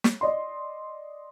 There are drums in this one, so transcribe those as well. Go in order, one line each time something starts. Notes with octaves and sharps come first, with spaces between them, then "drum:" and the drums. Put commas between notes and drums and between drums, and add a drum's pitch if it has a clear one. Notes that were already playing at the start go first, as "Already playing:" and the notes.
drum: snare
D5 D#5 C6